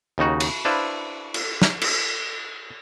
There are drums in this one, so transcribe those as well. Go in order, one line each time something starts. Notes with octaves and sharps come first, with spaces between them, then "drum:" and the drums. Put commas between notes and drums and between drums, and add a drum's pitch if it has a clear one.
D#2 C#3 D#4 F#4
drum: cymbal
D4 E4 B4 C5 F5
drum: cymbal
drum: snare
drum: cymbal